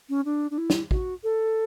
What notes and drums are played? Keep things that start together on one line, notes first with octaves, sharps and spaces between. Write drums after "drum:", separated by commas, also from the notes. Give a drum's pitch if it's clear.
C#4
D4
D4
E4
drum: snare
F#4, drum: kick A1
A4